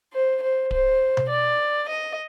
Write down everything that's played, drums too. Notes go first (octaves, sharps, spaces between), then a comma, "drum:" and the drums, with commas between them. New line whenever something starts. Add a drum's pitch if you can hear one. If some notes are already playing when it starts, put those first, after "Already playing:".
C5
C5
C5, drum: kick D1
drum: tom B2
D5
D#5